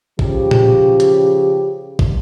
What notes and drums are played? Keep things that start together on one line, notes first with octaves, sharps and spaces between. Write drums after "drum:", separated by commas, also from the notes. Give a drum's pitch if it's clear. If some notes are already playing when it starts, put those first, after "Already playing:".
C#3 F3 G4, drum: kick
drum: tom A#2
drum: hi-hat
drum: kick